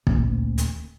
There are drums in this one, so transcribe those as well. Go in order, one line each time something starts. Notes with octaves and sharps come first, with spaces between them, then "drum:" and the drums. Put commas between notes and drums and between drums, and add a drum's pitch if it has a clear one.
D#1 D2, drum: kick
drum: hi-hat